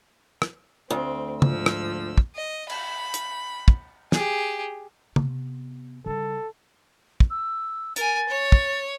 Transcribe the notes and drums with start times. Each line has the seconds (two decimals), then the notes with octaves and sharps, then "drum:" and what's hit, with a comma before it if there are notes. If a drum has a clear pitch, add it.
0.42 drum: rim click
0.91 D2 C4
1.42 G#2 F3 E6, drum: tom
1.66 drum: rim click
2.18 drum: kick
2.35 D#5
2.69 B5, drum: cymbal
3.14 drum: hi-hat
3.68 drum: kick
4.12 G4 G#4, drum: snare
5.16 C3 B3, drum: tom
6.06 C#3 G3 A4
7.20 drum: kick
7.30 E6
7.96 A#4 G#5 A6, drum: hi-hat
8.29 C#5
8.52 drum: kick